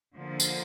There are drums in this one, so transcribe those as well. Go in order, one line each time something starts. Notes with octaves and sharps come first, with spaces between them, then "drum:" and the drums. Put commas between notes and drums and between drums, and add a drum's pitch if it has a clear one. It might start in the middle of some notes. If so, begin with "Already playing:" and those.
D3 F3 A#3
drum: tambourine